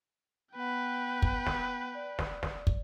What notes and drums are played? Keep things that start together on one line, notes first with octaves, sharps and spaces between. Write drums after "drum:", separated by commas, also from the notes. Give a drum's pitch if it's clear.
B3 B4 F#5 G5
drum: kick
drum: snare
D5
drum: snare
drum: snare
drum: kick